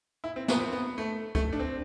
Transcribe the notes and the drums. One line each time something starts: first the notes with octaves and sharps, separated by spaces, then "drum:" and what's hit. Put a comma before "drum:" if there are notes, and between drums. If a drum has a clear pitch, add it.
E4
C4
B3, drum: snare
C4
B3
A3
A3, drum: kick
D4
C4